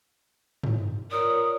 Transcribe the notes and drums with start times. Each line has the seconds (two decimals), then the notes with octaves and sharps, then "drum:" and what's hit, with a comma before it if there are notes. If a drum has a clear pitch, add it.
0.64 drum: tom G2
1.11 F4 A#4 C#5 D5 D#6